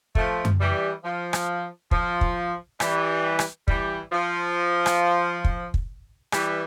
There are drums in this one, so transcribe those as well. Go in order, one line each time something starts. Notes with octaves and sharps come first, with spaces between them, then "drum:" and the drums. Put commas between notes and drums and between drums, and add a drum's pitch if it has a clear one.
F3 A3, drum: kick
drum: tom F#2
E3 G3
F3
drum: rim click
F3, drum: kick
drum: kick
E3 G3, drum: rim click
drum: rim click
E3 G3, drum: kick
F3
drum: rim click
drum: kick
drum: kick
E3 G3, drum: rim click